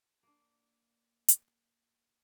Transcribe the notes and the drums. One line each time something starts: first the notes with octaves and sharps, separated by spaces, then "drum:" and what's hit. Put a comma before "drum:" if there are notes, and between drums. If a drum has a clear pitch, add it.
A#3 D4
drum: hi-hat